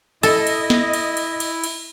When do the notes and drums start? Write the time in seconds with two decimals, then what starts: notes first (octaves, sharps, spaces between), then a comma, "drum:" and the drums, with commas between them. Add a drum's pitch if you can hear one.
0.23 E4 A4 D#5, drum: cymbal
0.47 drum: cymbal
0.70 drum: snare
0.93 drum: cymbal
1.17 drum: cymbal
1.40 drum: cymbal
1.64 drum: cymbal